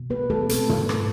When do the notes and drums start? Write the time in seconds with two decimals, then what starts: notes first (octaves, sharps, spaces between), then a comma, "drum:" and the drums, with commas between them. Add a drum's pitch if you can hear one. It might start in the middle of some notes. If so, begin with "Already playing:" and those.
Already playing: B2
0.10 B3 B4
0.30 A3 A4
0.49 B2 A3 C4, drum: hi-hat
0.69 drum: tom
0.89 drum: rim click